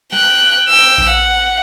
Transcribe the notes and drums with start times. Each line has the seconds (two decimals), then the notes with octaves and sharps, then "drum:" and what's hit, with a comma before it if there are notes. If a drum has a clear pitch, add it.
0.13 G5 F#6, drum: snare
0.69 G5 E6
0.98 drum: kick A#1
1.10 F#5